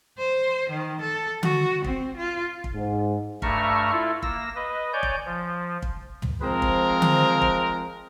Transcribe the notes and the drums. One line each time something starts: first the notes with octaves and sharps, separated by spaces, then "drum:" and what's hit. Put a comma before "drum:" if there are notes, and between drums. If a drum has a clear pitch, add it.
C5
D#3
A4
F#4, drum: tom D3
C4, drum: kick
F4
drum: kick
G#2
G2 A3 E5 A#5 C#6 F6, drum: kick
E4 F4 A4 E5
A#3 E6 A#6, drum: kick
B4 D#5
C#5 D5 G#5 G6
drum: kick
F3
drum: kick
drum: tom
F3 G#3 C4 A#4
drum: kick
drum: tom D3
drum: kick